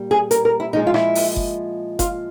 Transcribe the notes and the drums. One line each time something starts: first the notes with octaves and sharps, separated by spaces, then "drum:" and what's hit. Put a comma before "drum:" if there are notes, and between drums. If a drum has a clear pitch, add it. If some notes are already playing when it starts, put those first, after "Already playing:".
Already playing: A#2 G3
G#4
A#4, drum: hi-hat
A#4
E4
A#2 F3 G#3 D#4
F4
E4, drum: rim click
drum: open hi-hat
drum: kick F#1
F4, drum: kick F#1, hi-hat